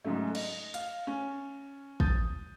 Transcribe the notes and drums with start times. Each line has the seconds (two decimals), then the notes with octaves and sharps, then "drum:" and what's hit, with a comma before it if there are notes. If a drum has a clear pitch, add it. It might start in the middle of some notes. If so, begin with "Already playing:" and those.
0.04 G#2 C#3 F#3 A3
0.35 D#5, drum: cymbal
0.74 F5, drum: hi-hat
1.07 C#4
2.00 D#6 G6 A6, drum: kick